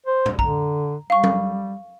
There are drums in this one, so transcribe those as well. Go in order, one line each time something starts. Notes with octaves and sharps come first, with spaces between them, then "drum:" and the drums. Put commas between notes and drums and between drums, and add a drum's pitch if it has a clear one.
C5
drum: tom A2
D3 A#5, drum: kick
G3 F5 C#6
drum: tom F#3